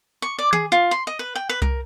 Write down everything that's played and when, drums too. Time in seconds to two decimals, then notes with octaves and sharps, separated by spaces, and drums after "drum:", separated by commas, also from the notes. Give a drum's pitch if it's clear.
0.22 C#6
0.39 D5
0.53 G#4, drum: tom D#3
0.72 F4
0.91 C6
1.07 D#5
1.19 B4
1.35 G5
1.49 B4
1.62 A#4, drum: kick C2